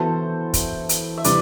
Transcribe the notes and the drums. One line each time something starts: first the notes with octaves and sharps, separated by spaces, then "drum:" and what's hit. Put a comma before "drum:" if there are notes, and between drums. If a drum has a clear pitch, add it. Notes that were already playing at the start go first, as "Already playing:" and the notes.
Already playing: E3 B3 F#4 A4 C5
drum: kick, hi-hat
drum: hi-hat
E5
C3 E3 G3 B4 D5, drum: hi-hat